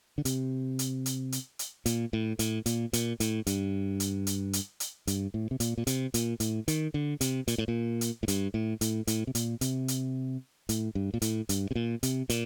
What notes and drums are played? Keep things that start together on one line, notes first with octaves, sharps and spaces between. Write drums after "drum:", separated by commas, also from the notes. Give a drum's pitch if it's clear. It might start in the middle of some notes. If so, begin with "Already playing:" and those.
D3
C3, drum: hi-hat
drum: hi-hat
drum: hi-hat
drum: hi-hat
drum: hi-hat
A#2, drum: hi-hat
A2
A2, drum: hi-hat
A#2, drum: hi-hat
A#2, drum: hi-hat
A2, drum: hi-hat
G2, drum: hi-hat
drum: hi-hat
drum: hi-hat
drum: hi-hat
drum: hi-hat
G2, drum: hi-hat
A2
C3
A#2, drum: hi-hat
A#2
C3, drum: hi-hat
A#2, drum: hi-hat
A2, drum: hi-hat
D#3, drum: hi-hat
D3
C3, drum: hi-hat
A#2, drum: hi-hat
A2
A#2
drum: hi-hat
A2
G2, drum: hi-hat
A2
A2, drum: hi-hat
A2, drum: hi-hat
C3
A#2, drum: hi-hat
C3, drum: hi-hat
drum: hi-hat
A2, drum: hi-hat
G2
A#2
A2, drum: hi-hat
G2, drum: hi-hat
C3
A#2
C3, drum: hi-hat
A#2, drum: hi-hat